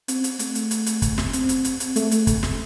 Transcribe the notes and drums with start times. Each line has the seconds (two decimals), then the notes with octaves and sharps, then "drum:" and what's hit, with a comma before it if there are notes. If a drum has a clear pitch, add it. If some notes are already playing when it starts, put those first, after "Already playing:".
0.08 C4, drum: hi-hat
0.24 drum: hi-hat
0.39 A3, drum: hi-hat
0.55 drum: hi-hat
0.71 drum: hi-hat
0.86 drum: hi-hat
1.02 drum: kick, hi-hat
1.18 drum: snare
1.33 C4, drum: hi-hat
1.49 drum: hi-hat
1.65 drum: hi-hat
1.80 drum: hi-hat
1.96 A3, drum: hi-hat
2.11 drum: hi-hat
2.27 drum: kick, hi-hat
2.43 drum: snare